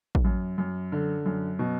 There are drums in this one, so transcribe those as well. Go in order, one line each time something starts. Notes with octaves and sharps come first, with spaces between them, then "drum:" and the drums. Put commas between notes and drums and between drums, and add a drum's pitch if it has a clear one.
drum: kick A1
F#2
F#2
D3
F#2
B2